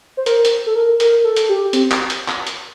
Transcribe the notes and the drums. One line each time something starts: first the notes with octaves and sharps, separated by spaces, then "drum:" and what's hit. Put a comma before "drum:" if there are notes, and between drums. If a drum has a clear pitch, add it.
C5
A#4, drum: hi-hat
drum: hi-hat
A4
A#4
A#4, drum: hi-hat
A4
drum: hi-hat
G4
C4, drum: hi-hat
drum: clap
drum: hi-hat
drum: clap
drum: hi-hat